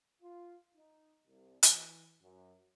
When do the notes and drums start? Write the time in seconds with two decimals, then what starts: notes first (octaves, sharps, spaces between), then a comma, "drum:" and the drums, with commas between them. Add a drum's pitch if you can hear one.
0.21 F4
0.75 D#4
1.26 C2
1.63 E3, drum: hi-hat
2.22 F#2